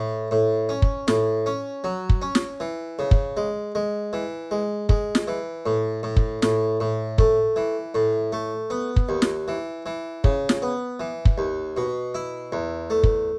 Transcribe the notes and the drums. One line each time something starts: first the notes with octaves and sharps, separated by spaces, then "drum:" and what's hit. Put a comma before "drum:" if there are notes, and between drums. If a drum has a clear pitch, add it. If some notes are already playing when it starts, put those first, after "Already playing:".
Already playing: A2
A2
C#4
drum: kick
A2, drum: snare
C#4
F#3
drum: kick
C#4
drum: snare
E3
C#3
drum: kick
G#3
G#3
E3
G#3
G#3, drum: kick
drum: snare
E3
A2
A2
drum: kick
A2, drum: snare
A2
A3, drum: kick
E3
A2
A3
B3
drum: kick
D#2
drum: snare
E3
E3
C#3, drum: kick
drum: snare
B3
E3
drum: kick
D#2
B2
E4
E2
A3
drum: kick